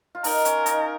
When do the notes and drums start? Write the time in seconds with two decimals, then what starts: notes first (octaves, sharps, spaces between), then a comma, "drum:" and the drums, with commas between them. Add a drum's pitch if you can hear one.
0.15 F4
0.24 D#4 A#4, drum: open hi-hat
0.45 C#4, drum: hi-hat
0.66 D#4, drum: hi-hat